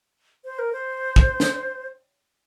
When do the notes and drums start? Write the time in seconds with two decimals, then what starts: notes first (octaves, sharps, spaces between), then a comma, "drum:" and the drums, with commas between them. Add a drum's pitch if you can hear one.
0.45 C5
0.59 A#4
0.73 C5
1.16 drum: kick
1.40 drum: snare